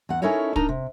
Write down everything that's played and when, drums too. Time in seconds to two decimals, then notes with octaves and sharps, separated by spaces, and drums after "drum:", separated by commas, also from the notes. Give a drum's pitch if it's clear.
0.09 E2 F#5
0.22 C#4 D#4 E4 A4 A#4 C#5
0.56 D4 D#4 A#4 A#5, drum: kick
0.69 C3